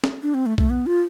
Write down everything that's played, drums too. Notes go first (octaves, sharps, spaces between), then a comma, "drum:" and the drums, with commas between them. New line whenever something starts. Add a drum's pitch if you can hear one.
drum: snare
D4
C4
A3
A3, drum: kick
B3
F4